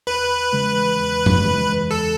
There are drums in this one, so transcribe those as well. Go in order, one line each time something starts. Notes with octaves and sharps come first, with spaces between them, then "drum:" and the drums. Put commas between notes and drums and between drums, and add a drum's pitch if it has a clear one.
E2 B4
C#3 E3 G#3
E2
drum: tom F#2
C#3 E3 G#3
E2 A4